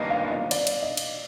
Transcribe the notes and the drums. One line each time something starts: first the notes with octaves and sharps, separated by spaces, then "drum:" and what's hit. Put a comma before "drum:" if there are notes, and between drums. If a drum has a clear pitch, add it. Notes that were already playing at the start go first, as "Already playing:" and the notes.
Already playing: G2 D#3 A#3 D#5
F5
D#5
D5, drum: cymbal
drum: cymbal
D#5
drum: cymbal